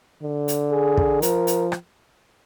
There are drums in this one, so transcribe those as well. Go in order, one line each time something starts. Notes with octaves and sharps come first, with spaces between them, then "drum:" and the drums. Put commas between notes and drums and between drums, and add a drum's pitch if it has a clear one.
D3
drum: hi-hat
G#4
drum: kick
F3 A#4, drum: hi-hat
drum: hi-hat
drum: rim click